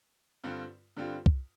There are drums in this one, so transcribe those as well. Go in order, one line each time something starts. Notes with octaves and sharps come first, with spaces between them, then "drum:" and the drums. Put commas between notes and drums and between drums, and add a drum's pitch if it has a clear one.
G2 D3 G3 C4 F4
G2 D3 G3 C4 F4
drum: kick